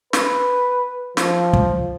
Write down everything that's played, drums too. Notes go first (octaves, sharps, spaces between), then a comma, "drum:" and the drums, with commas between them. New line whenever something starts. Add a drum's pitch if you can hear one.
B4, drum: snare
F3, drum: snare
drum: kick